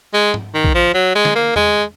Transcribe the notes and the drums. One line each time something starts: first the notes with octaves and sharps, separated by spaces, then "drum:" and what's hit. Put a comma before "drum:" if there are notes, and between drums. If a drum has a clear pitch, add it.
G#3
drum: tom
D#3
drum: kick A#1
F3
F#3
G#3
drum: snare
A#3
G#3, drum: tom E2